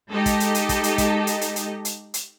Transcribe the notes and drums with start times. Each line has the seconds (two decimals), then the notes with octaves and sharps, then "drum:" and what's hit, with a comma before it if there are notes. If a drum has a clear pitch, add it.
0.11 G#3 D#4 G4 A4 D#5
0.26 drum: kick, hi-hat
0.40 drum: hi-hat
0.55 drum: hi-hat
0.69 drum: kick, hi-hat
0.83 drum: hi-hat
0.98 drum: kick, hi-hat
1.27 drum: hi-hat
1.41 drum: hi-hat
1.56 drum: hi-hat
1.85 drum: hi-hat
2.14 drum: hi-hat